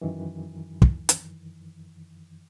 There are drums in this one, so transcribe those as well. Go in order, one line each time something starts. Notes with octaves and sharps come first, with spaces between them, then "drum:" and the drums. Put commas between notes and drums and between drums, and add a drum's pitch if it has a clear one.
F#2 D#3 E3
drum: kick
drum: hi-hat